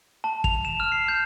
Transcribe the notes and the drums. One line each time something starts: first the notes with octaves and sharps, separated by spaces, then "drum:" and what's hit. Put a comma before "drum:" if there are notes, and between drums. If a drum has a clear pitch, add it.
A5
F7, drum: kick
E7
F6
C7
G6